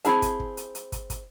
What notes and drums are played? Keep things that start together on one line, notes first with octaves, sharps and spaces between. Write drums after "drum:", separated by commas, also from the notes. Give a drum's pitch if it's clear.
C4 E4 G#4 A5, drum: hi-hat
drum: kick, hi-hat
drum: kick
drum: hi-hat
drum: hi-hat
drum: kick, hi-hat
drum: kick, hi-hat